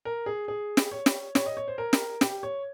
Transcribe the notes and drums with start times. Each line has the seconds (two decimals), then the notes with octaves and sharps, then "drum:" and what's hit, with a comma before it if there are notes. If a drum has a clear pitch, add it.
0.05 A#4
0.26 G#4
0.48 G#4
0.77 drum: snare
0.92 C#5
1.06 drum: snare
1.35 C#5, drum: snare
1.46 D#5
1.57 C#5
1.68 C5
1.78 A#4
1.93 drum: snare
2.21 G4, drum: snare
2.43 C#5